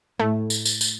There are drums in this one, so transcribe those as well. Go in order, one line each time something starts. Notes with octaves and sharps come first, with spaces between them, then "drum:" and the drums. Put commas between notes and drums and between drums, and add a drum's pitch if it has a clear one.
A2 A3
drum: tambourine
drum: tambourine
drum: tambourine